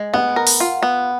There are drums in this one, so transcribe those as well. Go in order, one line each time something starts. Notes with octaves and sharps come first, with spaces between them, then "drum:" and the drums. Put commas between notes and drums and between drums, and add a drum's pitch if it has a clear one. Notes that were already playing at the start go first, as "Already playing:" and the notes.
Already playing: G#3
B3 F#5
A#4
drum: open hi-hat
F4
B3